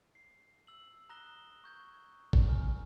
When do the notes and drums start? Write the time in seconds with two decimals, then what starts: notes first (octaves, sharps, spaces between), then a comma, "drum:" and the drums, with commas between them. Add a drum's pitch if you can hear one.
0.15 C7
0.67 E6 F#7
1.09 A#5 D#6 F#6 A#6 E7 G7
1.64 C#6 G6 G#6
2.33 drum: kick
2.48 G#5 A#5 F6